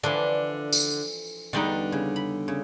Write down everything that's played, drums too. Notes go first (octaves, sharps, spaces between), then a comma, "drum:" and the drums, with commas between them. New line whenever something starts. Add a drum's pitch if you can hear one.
D3 E3 F3 D4
drum: tambourine
E2 D3 G3 D#4 B4 G5
C#3
B5
C#3